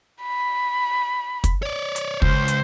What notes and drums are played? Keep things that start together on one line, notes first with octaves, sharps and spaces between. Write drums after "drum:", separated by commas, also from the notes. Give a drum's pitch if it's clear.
B5
drum: kick, hi-hat
C#5 D5
drum: hi-hat
C#2 C5, drum: kick
drum: hi-hat